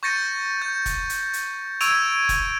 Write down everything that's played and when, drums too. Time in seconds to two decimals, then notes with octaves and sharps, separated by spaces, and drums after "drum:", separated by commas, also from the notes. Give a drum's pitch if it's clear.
0.03 C#6 G6 A6 A#6 C#7 D#7
0.62 G6
0.86 drum: kick F1, hi-hat
1.09 drum: hi-hat
1.33 drum: hi-hat
1.81 C#6 E6 G#6 D7 D#7 F7, drum: hi-hat
2.29 drum: kick F1, hi-hat